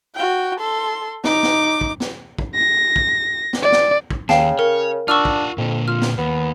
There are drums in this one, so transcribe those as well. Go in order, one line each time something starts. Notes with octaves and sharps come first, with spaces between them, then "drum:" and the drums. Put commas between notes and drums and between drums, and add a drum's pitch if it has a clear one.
F#4 G5
A4 C6
D#4 D6, drum: snare
drum: snare
drum: kick
drum: snare
drum: kick
A#6
drum: kick
drum: snare
D5
drum: snare
drum: kick
D#2 C#3 F5 G5 A5, drum: snare
A#4 C#5
D4 F4 F#5 C#6 E6 F6
drum: kick
F2 A#2 D3
F4 F6
drum: snare
D#2 B3